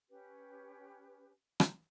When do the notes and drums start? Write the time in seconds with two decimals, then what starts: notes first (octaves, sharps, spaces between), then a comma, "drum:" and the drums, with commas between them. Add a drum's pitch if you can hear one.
0.09 C#4 G4 B4
1.60 drum: rim click